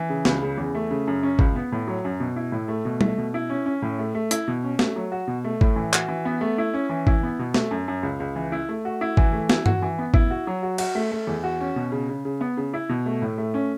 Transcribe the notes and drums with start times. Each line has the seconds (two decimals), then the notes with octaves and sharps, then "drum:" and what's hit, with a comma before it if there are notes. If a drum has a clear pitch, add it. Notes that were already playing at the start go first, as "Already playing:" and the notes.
Already playing: E3
0.10 C#3
0.25 C#2, drum: snare
0.42 C#3
0.58 E2
0.75 A3
0.91 C#3
1.07 F#2
1.23 C#4
1.39 C#2, drum: kick G#1
1.56 B3
1.72 A2
1.88 F#3
2.05 F#2
2.20 B2
2.36 E4
2.52 A2
2.68 A3
2.85 B2
3.01 A3, drum: tom G3
3.18 B2
3.34 E4
3.50 C#4
3.66 C#4
3.82 A2
3.99 A3
4.15 A3
4.31 E4, drum: hi-hat
4.48 B2
4.64 C#4
4.79 A3, drum: snare
4.96 F#3
5.12 F#4
5.27 B2
5.44 A3
5.61 A2, drum: kick G#1
5.76 E3
5.93 F#4, drum: clap
6.08 E3
6.25 B3
6.41 A3
6.58 E4
6.74 C#4
6.89 E3
7.07 E4, drum: kick G#1
7.23 B3
7.39 B2
7.54 A3, drum: snare
7.71 F#2
7.88 F#2
8.03 C#2
8.20 C#2
8.36 E3
8.52 E4
8.69 A3
8.85 F#4
9.01 E4
9.17 E3, drum: kick G#1
9.33 A3
9.50 E4, drum: snare
9.66 F#4, drum: tom G2
9.82 E3
9.98 B3
10.14 E4, drum: kick G#1
10.30 F#4
10.47 F#3
10.63 F#4
10.78 F#4, drum: cymbal
10.95 A3
11.12 A3
11.27 E2
11.43 F#4
11.60 C#4
11.76 B2
11.92 C#3
12.09 C#3
12.25 C#3
12.41 B3
12.57 C#3
12.74 E4
12.89 B2
13.06 A3
13.22 A2
13.38 A3
13.54 C#4